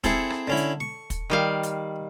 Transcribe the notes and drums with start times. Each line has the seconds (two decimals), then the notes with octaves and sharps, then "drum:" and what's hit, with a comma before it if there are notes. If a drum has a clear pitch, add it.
0.04 C4 E4 G#4 A4, drum: kick, hi-hat
0.30 drum: rim click
0.48 D3 C#4 E4
0.57 drum: hi-hat
0.80 C#6
1.10 drum: kick, hi-hat
1.30 D#3 G3 F5
1.63 drum: hi-hat